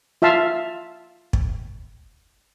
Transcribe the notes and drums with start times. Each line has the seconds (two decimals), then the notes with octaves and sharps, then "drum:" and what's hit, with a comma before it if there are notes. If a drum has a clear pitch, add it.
0.22 F4 E5 F5 A5
1.33 drum: kick